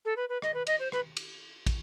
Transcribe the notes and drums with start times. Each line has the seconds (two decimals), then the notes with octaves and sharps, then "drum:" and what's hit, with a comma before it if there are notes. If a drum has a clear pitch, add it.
0.05 A4
0.16 B4
0.29 B4
0.42 D#5, drum: rim click
0.54 B4
0.67 D#5, drum: cymbal
0.79 C5
0.92 B4, drum: rim click
1.17 drum: cymbal
1.66 drum: kick, cymbal